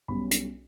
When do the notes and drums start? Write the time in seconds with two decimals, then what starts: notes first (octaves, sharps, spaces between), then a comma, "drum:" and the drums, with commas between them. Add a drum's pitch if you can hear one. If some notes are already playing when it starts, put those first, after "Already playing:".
0.08 B1 B2 G3 C#4 B5
0.31 drum: hi-hat